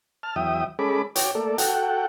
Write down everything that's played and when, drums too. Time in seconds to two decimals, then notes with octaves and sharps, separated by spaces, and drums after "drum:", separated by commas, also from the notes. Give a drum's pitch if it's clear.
0.23 A5 F6
0.36 E2 F#3 E5 G5 D#6
0.79 G#3 C#4 G#4 A4 B5 D6
1.16 F#4 C#5 G5 D6, drum: hi-hat
1.35 A3 A#3 A4 D5
1.58 F#4 A4 F#5 G5, drum: hi-hat